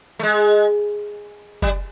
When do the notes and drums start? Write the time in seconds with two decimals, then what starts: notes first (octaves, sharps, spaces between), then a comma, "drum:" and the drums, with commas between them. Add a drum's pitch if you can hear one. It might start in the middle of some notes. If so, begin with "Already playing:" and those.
0.19 A3
0.23 G#3
1.62 G3, drum: kick F#1